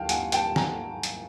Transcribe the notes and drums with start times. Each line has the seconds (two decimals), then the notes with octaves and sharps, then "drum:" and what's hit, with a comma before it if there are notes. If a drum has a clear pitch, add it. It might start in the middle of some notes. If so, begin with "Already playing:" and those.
Already playing: D#2 F5 G5 A5
0.09 F#5 G#5, drum: hi-hat
0.32 G5 A5, drum: hi-hat
0.56 G#5 A#5, drum: snare
1.03 drum: hi-hat